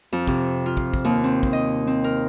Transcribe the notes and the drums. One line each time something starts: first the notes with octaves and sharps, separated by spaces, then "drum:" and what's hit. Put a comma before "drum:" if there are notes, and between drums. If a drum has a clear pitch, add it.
F2
C3, drum: kick
F4
drum: kick
drum: kick
D#2
C4
drum: kick
D#5
C4
A#4